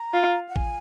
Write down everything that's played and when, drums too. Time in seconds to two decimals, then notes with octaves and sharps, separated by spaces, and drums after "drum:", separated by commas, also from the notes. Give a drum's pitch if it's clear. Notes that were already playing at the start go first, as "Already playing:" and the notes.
Already playing: A#5
0.13 F4
0.49 F#5
0.56 G#5, drum: kick A1